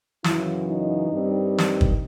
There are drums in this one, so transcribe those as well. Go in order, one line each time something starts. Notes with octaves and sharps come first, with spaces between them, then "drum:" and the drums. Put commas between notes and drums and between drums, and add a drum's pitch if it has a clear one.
F#2 C#3 E3 E4, drum: snare
D#4
G2 D#3 G3 C4
drum: snare
drum: kick